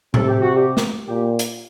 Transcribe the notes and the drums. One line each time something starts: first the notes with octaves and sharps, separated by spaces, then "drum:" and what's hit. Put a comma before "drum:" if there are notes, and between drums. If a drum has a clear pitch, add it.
C3 A4, drum: tom A2
G4
F#4
G4
drum: snare
A#2 G4
drum: hi-hat